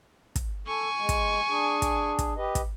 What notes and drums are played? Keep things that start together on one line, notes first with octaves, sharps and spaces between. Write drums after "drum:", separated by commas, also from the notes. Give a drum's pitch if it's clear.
drum: kick, hi-hat
A4 G#5 C#6
G#3
drum: kick, hi-hat
D4 G#4
drum: kick, hi-hat
drum: kick, hi-hat
G4 B4 D#5
drum: kick, hi-hat